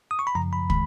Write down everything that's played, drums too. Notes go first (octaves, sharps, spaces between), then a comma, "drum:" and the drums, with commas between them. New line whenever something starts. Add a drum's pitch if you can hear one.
D#6
C#6
B5
F#2 C#3 F3 A#5
B5
D#3 G#3 B5, drum: kick